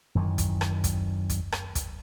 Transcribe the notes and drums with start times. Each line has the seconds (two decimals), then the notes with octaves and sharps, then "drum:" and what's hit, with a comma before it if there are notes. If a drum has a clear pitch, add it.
0.15 F#2 D#3 E3
0.38 drum: kick, hi-hat
0.61 drum: rim click
0.84 drum: kick, hi-hat
1.30 drum: kick, hi-hat
1.52 drum: rim click
1.75 drum: kick, hi-hat